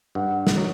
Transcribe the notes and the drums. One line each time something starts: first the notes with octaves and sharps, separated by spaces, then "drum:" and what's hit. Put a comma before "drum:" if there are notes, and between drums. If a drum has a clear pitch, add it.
G2 F#5
drum: snare
F#3